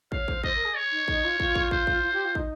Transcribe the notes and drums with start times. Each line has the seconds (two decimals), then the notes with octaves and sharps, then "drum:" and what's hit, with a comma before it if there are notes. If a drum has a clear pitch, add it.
0.12 C#5 F5, drum: kick
0.28 C5, drum: kick
0.44 C5 D#5, drum: kick
0.55 A#4
0.65 G#4
0.76 C#5
0.92 D#4
1.08 D#4, drum: kick
1.24 F4
1.40 F4, drum: kick
1.55 drum: kick
1.71 C5, drum: kick
1.87 drum: kick
2.03 F4
2.13 G4
2.25 F4
2.35 D#4, drum: kick